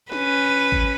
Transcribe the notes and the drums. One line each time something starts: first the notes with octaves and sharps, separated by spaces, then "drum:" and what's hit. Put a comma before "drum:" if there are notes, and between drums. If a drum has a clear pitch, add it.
C#4 B4, drum: snare
drum: kick G#1